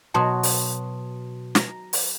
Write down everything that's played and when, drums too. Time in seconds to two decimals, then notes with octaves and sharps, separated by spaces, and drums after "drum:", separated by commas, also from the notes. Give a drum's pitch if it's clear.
0.14 B2 F#3 A5 C6 D#6
0.43 drum: open hi-hat
1.55 A#5, drum: snare
1.93 drum: open hi-hat